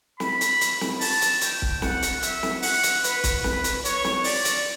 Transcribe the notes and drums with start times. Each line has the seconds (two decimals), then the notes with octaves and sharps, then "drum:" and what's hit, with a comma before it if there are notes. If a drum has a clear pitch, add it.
0.20 B5, drum: snare
0.41 drum: hi-hat
0.61 drum: hi-hat
0.81 drum: snare
1.01 A5, drum: open hi-hat
1.22 drum: hi-hat
1.41 G5, drum: hi-hat
1.62 drum: kick
1.82 F#5, drum: snare
2.02 drum: hi-hat
2.22 E5, drum: hi-hat
2.43 drum: snare
2.62 F#5, drum: open hi-hat
2.83 drum: hi-hat
3.04 B4, drum: hi-hat
3.24 drum: kick, hi-hat
3.44 B4, drum: snare
3.64 drum: hi-hat
3.85 C#5, drum: hi-hat
4.04 drum: snare
4.24 D5, drum: open hi-hat
4.45 drum: hi-hat